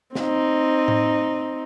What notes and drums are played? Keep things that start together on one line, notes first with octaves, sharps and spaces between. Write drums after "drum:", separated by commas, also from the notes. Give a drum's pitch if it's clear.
C4 D#4, drum: snare
drum: tom A2